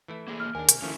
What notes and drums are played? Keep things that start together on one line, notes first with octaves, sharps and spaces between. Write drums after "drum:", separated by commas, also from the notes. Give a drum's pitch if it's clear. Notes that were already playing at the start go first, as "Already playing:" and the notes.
E3 A3 E4
A#3 G#4
F6
D#2 D4 A#4 G#5
C3, drum: hi-hat
D#3 F3 A3 C#4 E4